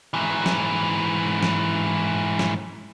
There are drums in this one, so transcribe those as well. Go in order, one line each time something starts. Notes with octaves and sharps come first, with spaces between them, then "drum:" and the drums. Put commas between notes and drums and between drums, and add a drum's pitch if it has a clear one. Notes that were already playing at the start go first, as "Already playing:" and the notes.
G#2 E3
drum: snare
drum: snare
drum: snare